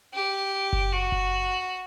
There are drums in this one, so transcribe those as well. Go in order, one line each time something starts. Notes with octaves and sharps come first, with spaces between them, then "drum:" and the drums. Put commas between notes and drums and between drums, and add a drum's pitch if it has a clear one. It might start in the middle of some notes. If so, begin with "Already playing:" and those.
G4
drum: kick F#1
F#4
drum: kick F#1